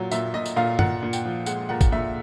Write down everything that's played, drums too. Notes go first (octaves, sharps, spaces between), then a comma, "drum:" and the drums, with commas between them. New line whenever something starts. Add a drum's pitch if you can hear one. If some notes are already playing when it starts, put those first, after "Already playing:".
Already playing: A#2 F#3
A#2 E5, drum: tambourine
A#2 D#5
drum: tambourine
A#2 F5
A#2 F#5, drum: tom G2
A#2
G5, drum: tambourine
F3
G#3 F#5, drum: tambourine
A#2 F#5
drum: kick, tambourine
A#2 E5